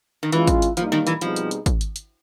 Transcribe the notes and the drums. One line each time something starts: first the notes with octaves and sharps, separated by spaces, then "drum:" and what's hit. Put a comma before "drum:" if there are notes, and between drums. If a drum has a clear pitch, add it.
D#3
E3 G#3 C#4 F4, drum: hi-hat
drum: kick, hi-hat
drum: hi-hat
A#2 F3 G3 A#3 D#4, drum: hi-hat
D#3, drum: snare
E3, drum: hi-hat
B2 F3 G3 C4 D#4 G#4, drum: hi-hat
drum: hi-hat
drum: hi-hat
drum: kick, hi-hat
drum: hi-hat
drum: hi-hat